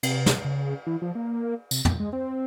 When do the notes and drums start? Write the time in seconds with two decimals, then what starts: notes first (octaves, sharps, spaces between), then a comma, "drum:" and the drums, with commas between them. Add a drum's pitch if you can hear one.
0.03 C3, drum: cymbal
0.26 drum: snare
0.45 C#3
0.87 E3
1.02 F3
1.15 A#3
1.71 C3, drum: tambourine
1.85 A#2, drum: tom
2.00 G#3
2.13 C4